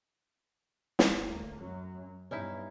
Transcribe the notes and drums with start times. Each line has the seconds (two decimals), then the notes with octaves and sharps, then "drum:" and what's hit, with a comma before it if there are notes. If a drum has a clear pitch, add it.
0.99 drum: snare
1.25 D2 A#3
1.59 F#2 F#3
2.31 G2 B3 C#4 D#4 E4